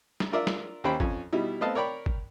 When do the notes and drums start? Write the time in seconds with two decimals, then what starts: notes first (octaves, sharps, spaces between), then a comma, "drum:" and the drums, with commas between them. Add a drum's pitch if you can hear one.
0.20 drum: snare
0.32 D4 F4 A#4 D5 E5
0.47 drum: snare
0.84 D#2 C#4 G4 C5 G5 B5
1.00 F2 C#4, drum: kick
1.33 B2 G3 D#4 E4
1.61 A3 B3 C4 D#5 F5 A5
1.75 A#4 C#5 D5 G5 B5
2.06 drum: kick